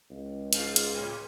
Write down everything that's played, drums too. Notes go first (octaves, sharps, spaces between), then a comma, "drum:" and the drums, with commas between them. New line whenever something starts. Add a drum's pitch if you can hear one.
C#2
G#2 F4, drum: hi-hat
drum: hi-hat
A2